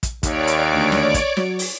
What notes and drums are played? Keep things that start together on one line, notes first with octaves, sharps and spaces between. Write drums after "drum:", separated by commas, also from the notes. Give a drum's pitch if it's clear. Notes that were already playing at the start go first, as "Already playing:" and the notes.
drum: kick, hi-hat
D#2 C#5 D5 D6, drum: kick, hi-hat
drum: hi-hat
D2
drum: snare
drum: kick, hi-hat
F#3, drum: snare
drum: open hi-hat